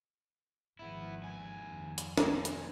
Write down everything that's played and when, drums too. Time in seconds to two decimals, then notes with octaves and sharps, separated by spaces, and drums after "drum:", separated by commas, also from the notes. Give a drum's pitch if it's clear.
0.79 G#1 F3 B3 E4
1.23 D#2 G#5
1.67 F2 D#3
1.98 drum: hi-hat
2.18 A#3 G#5, drum: snare
2.45 drum: hi-hat